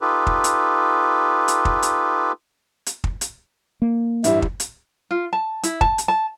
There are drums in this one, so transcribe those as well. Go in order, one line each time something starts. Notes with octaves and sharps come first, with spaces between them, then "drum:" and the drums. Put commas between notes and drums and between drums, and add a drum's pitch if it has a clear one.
D#4 F4 G4 A4 B4
drum: kick
drum: hi-hat
drum: hi-hat
drum: kick
drum: hi-hat
drum: hi-hat
drum: kick
drum: hi-hat
A#3
A1 G2 E4 E5, drum: hi-hat
drum: kick
drum: hi-hat
F4
A5
E4, drum: hi-hat
A5, drum: kick
drum: hi-hat
A5